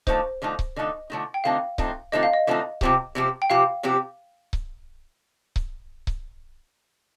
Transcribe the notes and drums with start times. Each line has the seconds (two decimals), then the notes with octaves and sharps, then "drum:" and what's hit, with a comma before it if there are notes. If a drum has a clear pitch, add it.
0.07 D3 F3 A3 D#4 C5, drum: kick C#1
0.42 D3 F3 A3 D#4
0.59 drum: kick C#1
0.76 D3 F3 A3 D#4 D#5
1.10 D3 F3 A3 D#4
1.34 G5
1.44 D3 F3 A3 C4 D#4 F5
1.78 D3 F3 A3 C4 D#4, drum: kick C#1
2.12 D3 F3 A3 C4 D#4 D#5
2.23 F5
2.33 D#5
2.47 D3 F3 A3 C4 D#4
2.81 C3 F3 C4 G4, drum: kick C#1
3.15 C3 F3 C4 G4
3.42 G5
3.50 C3 F3 C4 G4 F5
3.83 C3 F3 C4 G4
4.53 drum: kick C#1
5.56 drum: kick C#1
6.07 drum: kick C#1